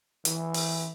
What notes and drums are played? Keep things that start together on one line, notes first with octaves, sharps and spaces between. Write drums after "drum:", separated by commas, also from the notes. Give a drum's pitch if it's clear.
E3, drum: hi-hat
drum: open hi-hat